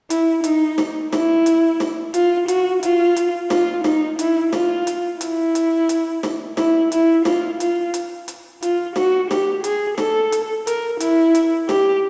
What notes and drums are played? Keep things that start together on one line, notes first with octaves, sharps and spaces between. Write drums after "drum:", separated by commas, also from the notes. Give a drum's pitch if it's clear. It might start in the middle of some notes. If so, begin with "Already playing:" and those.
E4, drum: hi-hat
D#4, drum: hi-hat
drum: snare
E4, drum: snare
drum: hi-hat
drum: snare
F4, drum: hi-hat
F#4, drum: hi-hat
F4, drum: hi-hat
drum: hi-hat
F4, drum: snare
D#4, drum: snare
E4, drum: hi-hat
F4, drum: snare
drum: hi-hat
E4, drum: hi-hat
drum: hi-hat
drum: hi-hat
drum: snare
E4, drum: snare
E4, drum: hi-hat
F4, drum: snare
F4, drum: hi-hat
drum: hi-hat
drum: hi-hat
F4, drum: hi-hat
F#4, drum: snare
G4, drum: snare
G#4, drum: hi-hat
A4, drum: snare
drum: hi-hat
A#4, drum: hi-hat
E4, drum: hi-hat
drum: hi-hat
G4, drum: snare